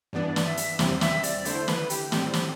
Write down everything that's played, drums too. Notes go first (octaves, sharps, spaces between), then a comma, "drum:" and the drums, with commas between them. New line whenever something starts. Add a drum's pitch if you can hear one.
G2 E3 B3 D4 D5
D5, drum: snare
E5
drum: hi-hat
E2 C3 G3 C4, drum: snare
E5, drum: snare
D5, drum: hi-hat
D3 A3 E4 C5, drum: hi-hat
B4, drum: snare
G4, drum: hi-hat
A2 G3 C4, drum: snare
drum: snare